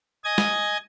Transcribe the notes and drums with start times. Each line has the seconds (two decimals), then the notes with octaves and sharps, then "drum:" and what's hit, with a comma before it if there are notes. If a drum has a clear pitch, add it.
0.25 D#5 G#5 D#6 G#6
0.38 drum: snare